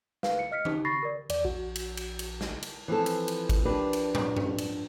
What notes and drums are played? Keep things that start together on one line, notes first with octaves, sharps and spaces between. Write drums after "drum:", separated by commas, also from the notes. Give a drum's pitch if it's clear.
B4 F5, drum: snare
C#7
D#5 F6 B6 C#7
D#4, drum: tom D#3
B5 C#6 A6 A#6 C7
A#4 D5
E2 D5, drum: cymbal
A#1 F#4
drum: cymbal
drum: cymbal
drum: cymbal
drum: snare
drum: cymbal
E3 F3 C4 A4
drum: cymbal
drum: cymbal
drum: kick G#1, cymbal
F3 D4 G4 A#4 B4
drum: cymbal
drum: tom
drum: tom G2
drum: cymbal